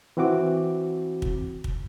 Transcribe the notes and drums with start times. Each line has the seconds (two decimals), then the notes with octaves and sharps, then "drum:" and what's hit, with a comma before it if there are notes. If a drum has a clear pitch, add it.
0.17 E3 C4 F#4 D6
1.22 drum: kick
1.64 drum: kick